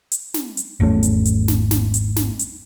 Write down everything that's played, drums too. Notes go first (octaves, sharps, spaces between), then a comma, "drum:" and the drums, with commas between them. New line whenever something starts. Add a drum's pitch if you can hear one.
drum: hi-hat
drum: snare
drum: hi-hat
G#1 E2 A3 C#4
drum: hi-hat
drum: hi-hat
drum: snare
drum: snare
drum: hi-hat
drum: snare
drum: hi-hat